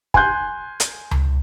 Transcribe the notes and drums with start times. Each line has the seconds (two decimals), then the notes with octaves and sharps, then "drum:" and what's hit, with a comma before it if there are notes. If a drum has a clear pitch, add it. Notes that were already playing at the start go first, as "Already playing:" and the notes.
0.14 G#5 C6 F#6 G6, drum: kick
0.80 drum: hi-hat
1.11 drum: tom C#2